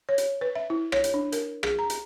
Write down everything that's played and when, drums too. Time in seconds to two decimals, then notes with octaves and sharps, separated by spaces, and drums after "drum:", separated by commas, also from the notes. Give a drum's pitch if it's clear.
0.09 C#5
0.18 drum: hi-hat
0.41 B4
0.55 E5
0.70 E4
0.92 C#5, drum: rim click
1.04 drum: hi-hat
1.14 D4
1.32 A#4, drum: hi-hat
1.63 G#4, drum: rim click
1.79 A#5
1.90 drum: hi-hat